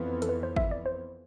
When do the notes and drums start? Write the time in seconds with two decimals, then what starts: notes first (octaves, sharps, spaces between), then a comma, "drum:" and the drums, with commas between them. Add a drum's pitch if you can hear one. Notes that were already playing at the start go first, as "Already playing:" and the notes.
Already playing: F2 E3 B3
0.22 A4, drum: hi-hat
0.29 B4
0.43 C5
0.56 E5, drum: kick
0.71 D5
0.86 C5